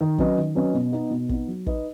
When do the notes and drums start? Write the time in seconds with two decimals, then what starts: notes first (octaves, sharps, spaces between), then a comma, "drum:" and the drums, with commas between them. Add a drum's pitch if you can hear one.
0.01 D#3
0.18 F#3 C#4 B4 D#5, drum: kick
0.37 D#3
0.55 F#3 C#4 B4 D#5
0.74 B2
0.92 B3 D#4
1.10 B2
1.29 B3 D#4, drum: kick
1.48 F#3
1.67 D#4 B4 D#5, drum: kick